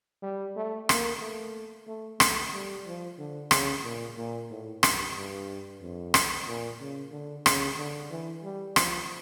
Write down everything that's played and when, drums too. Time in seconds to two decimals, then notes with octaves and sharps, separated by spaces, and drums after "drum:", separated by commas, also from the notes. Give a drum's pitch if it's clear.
0.23 G3
0.56 A3
0.89 A#3, drum: rim click
1.22 A3
1.87 A3
2.20 A3, drum: rim click
2.54 G3
2.86 F3
3.18 D3
3.51 C#3, drum: rim click
3.84 A#2
4.17 A#2
4.50 A2
4.83 G2, drum: rim click
5.16 G2
5.82 F2
6.14 drum: rim click
6.47 A#2
6.80 C#3
7.12 D3
7.46 C#3, drum: rim click
7.78 D3
8.11 E3
8.44 G3
8.76 F3, drum: rim click